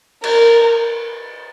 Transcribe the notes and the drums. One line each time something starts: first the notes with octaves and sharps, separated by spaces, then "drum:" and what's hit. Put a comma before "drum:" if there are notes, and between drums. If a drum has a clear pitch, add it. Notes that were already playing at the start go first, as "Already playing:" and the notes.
A#4, drum: cymbal